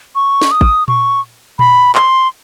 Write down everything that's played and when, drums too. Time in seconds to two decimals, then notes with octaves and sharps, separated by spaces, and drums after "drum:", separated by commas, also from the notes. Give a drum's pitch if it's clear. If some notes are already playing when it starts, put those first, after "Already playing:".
0.15 C#6
0.42 drum: snare
0.51 D#6
0.61 drum: kick
0.88 C#6, drum: tom A#2
1.59 B5, drum: tom A#2
1.95 C6, drum: clap